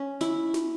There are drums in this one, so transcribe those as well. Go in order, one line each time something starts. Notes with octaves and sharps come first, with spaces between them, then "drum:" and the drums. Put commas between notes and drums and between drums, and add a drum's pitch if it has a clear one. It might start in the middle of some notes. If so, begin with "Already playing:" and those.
Already playing: C#4
E4, drum: snare
drum: snare